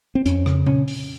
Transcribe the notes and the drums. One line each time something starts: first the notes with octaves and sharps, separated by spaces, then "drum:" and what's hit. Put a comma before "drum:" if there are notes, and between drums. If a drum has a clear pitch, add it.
C4
F2 C#4, drum: hi-hat
C#3, drum: rim click
C#4, drum: tom A#2
drum: open hi-hat